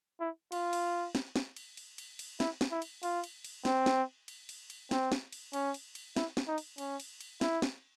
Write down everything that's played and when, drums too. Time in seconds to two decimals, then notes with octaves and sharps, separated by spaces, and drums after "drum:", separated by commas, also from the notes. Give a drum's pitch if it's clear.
0.20 E4
0.52 F4, drum: cymbal
0.73 drum: cymbal
1.15 drum: snare
1.36 drum: snare
1.56 drum: cymbal
1.77 drum: cymbal
1.98 drum: cymbal
2.19 drum: cymbal
2.40 E4, drum: snare
2.61 drum: snare
2.71 E4
2.82 drum: cymbal
3.03 F4, drum: cymbal
3.24 drum: cymbal
3.44 drum: cymbal
3.65 C4, drum: snare
3.86 drum: snare
4.28 drum: cymbal
4.49 drum: cymbal
4.70 drum: cymbal
4.91 C4, drum: snare
5.12 drum: snare
5.32 drum: cymbal
5.53 C#4, drum: cymbal
5.74 drum: cymbal
5.95 drum: cymbal
6.16 E4, drum: snare
6.37 drum: snare
6.48 D#4
6.58 drum: cymbal
6.78 C#4, drum: cymbal
7.00 drum: cymbal
7.20 drum: cymbal
7.41 E4, drum: snare
7.62 drum: snare